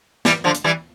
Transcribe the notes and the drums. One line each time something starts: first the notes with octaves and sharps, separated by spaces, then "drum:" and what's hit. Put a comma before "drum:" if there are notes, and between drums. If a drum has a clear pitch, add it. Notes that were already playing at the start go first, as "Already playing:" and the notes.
E3 G3, drum: snare
D3 F3
drum: hi-hat
E3 G3